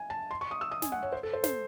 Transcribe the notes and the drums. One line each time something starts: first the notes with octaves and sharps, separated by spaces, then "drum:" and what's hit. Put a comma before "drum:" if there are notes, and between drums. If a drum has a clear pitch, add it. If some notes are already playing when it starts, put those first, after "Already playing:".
Already playing: G#5
A5
C6
C#6
D#6
E6
D#6
G#5, drum: snare
F#5
C#5
C5
A4
C5
C5, drum: snare